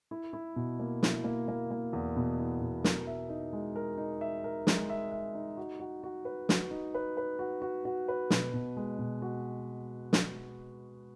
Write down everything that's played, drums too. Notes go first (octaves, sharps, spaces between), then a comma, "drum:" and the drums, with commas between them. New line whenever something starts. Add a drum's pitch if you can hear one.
E4
E4
B2
A#3
E4, drum: snare
A#3
A#3
A#3
E2
B2
E4
B2
A#4, drum: snare
E5
D#4
G#3
A#4
D#4
E5
A#4
G#3, drum: snare
E5
E5
D#4
F#4
F#4
F#4
B4
F#4, drum: snare
D#4
B4
B4
F#4
F#4
F#4
B4
B2, drum: snare
B2
G#3
B2
F#4
drum: snare